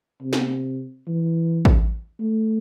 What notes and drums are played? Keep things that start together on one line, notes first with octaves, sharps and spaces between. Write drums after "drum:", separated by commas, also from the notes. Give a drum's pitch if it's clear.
C3
drum: snare
E3
drum: kick A1
A3